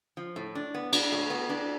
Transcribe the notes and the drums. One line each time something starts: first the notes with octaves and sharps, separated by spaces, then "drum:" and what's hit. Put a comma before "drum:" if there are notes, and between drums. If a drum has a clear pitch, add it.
F3
A2
D4
B3
D4, drum: cymbal
A2
B3
D4